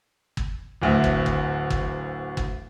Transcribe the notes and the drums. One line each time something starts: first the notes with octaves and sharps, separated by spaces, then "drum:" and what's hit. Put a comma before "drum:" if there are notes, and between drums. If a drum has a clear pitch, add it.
drum: kick
D1 D2 E5
drum: kick
drum: kick
drum: kick
drum: kick